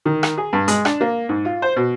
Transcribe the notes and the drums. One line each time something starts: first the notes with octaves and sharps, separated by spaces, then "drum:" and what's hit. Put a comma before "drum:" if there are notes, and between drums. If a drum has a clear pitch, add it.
D#3
drum: rim click
G#4
G2
G#3, drum: hi-hat
D4, drum: rim click
A#3
G#2
F4
C5
B2